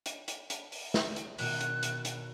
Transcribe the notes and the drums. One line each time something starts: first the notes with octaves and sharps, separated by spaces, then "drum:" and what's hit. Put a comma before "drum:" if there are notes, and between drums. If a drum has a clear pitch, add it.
drum: hi-hat
drum: hi-hat
drum: hi-hat
drum: open hi-hat
drum: snare
drum: hi-hat
B2 D#3 F#6, drum: open hi-hat
drum: hi-hat
drum: hi-hat
drum: hi-hat